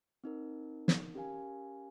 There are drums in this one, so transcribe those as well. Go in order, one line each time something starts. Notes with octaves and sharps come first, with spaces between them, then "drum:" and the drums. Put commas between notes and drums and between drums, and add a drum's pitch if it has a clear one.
C4 D#4 A#4
drum: snare
C#4 G4 A#4 F5 G#5